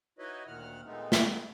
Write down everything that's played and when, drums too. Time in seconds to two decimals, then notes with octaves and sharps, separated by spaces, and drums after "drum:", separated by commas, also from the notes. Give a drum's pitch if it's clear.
0.19 D#4 E4 F#4 B4 C#5 D#5
0.47 D2 A#2 D#3 F#5 F6
0.86 A#2 G#3 A3 B3 C4 D#4
1.12 drum: snare